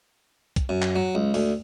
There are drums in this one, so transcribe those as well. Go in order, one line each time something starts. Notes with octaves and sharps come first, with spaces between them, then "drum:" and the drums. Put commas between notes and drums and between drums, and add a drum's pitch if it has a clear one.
drum: kick B1, hi-hat
F#2
drum: clap
F#3
C#2
D2, drum: open hi-hat